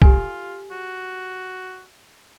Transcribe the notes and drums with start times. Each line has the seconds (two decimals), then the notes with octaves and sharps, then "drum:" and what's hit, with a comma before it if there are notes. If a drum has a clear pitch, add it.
0.02 F4 G4 A4 G#5, drum: kick
0.71 F#4